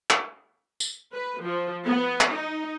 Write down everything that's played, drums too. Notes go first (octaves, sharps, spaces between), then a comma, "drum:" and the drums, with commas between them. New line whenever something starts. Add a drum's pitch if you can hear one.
drum: clap
drum: tambourine
B4
F3
B3
drum: clap
D#4